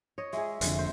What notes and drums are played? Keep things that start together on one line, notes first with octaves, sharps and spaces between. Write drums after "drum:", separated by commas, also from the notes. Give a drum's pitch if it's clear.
C#5 D#5
G#3 G#4 E5
F1 F2 D3 G#3, drum: hi-hat
C5